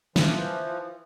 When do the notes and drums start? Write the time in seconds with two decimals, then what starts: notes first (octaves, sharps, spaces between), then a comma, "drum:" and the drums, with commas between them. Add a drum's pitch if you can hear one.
0.16 E3 F3, drum: snare